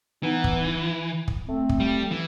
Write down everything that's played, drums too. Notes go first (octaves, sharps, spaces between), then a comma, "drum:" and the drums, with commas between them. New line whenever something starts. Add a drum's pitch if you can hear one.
E3 B3 D#4
drum: kick
drum: kick
A3 C4
drum: kick
G3
E3